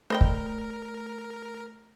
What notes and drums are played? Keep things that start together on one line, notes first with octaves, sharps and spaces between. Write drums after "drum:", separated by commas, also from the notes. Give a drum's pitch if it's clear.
A3 A#4 C5 D#5 G5
drum: kick